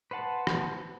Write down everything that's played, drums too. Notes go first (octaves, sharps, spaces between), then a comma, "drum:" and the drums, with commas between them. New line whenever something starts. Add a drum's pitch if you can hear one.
B4 C5 F#5 A5
drum: rim click